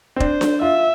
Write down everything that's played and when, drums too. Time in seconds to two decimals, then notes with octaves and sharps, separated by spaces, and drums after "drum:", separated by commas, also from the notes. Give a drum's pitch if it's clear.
0.16 C4
0.20 D4 C5, drum: kick E1
0.41 drum: snare D4
0.61 F4 E5